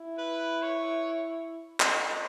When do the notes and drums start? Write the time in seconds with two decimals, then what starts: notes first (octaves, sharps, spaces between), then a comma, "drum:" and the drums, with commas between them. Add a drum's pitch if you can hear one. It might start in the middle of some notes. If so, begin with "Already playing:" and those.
Already playing: E4
0.18 B4
0.63 C#5
1.80 drum: clap